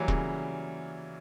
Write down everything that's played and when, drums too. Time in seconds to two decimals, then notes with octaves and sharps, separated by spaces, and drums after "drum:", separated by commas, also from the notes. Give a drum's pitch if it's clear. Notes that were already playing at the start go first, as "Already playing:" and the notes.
Already playing: E3 F#3 G3 A#3
0.08 C#3, drum: kick E1